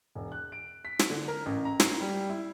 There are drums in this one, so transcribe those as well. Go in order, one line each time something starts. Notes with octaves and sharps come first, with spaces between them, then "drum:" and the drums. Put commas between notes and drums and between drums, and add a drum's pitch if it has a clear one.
E1
F#6
D7
B6
drum: snare
D3
A#4
A1
A#5
C7, drum: snare
G3
E4